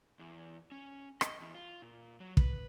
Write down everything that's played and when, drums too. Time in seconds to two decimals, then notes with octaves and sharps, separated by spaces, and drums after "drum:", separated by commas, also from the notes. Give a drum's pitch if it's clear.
0.19 E2
0.72 C#4
1.21 D#5, drum: rim click
1.40 E2
1.55 F4
1.82 A#2
2.20 F#3
2.37 B4, drum: kick